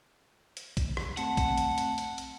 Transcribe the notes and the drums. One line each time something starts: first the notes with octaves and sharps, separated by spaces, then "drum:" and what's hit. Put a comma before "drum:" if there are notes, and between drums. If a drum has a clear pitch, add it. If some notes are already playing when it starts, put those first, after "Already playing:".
drum: hi-hat
drum: kick A#1, hi-hat
drum: rim click
A3 C4 F#5 A5, drum: hi-hat
drum: kick A#1, hi-hat
drum: hi-hat
drum: hi-hat
drum: hi-hat
drum: hi-hat